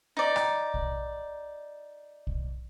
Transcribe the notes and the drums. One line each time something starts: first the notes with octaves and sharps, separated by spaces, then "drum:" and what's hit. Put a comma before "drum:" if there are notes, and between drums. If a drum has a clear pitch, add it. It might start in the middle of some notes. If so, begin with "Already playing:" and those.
D#4 D5
drum: rim click
drum: kick
drum: kick